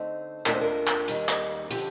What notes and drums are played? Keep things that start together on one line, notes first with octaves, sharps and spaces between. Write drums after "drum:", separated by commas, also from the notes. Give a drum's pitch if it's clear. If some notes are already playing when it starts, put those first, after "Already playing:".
Already playing: D3 A3 C4 D#4
D#2 D#3 A3 D4 F4 A#4, drum: clap
C5
A#4
drum: clap
D#2 D#3 G3, drum: hi-hat
drum: clap
D3 F3 G4, drum: hi-hat